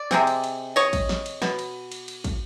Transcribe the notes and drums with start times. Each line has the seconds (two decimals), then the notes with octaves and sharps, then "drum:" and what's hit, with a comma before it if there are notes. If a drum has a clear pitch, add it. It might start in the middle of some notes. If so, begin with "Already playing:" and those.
Already playing: D5
0.11 C3 D#3 G#3 C4, drum: snare
0.27 drum: cymbal
0.44 drum: cymbal
0.76 C#5 D#5
0.93 drum: kick, cymbal
1.09 drum: snare
1.26 drum: cymbal
1.42 B2, drum: snare
1.59 drum: cymbal
1.92 drum: cymbal
2.08 drum: cymbal
2.24 drum: kick, cymbal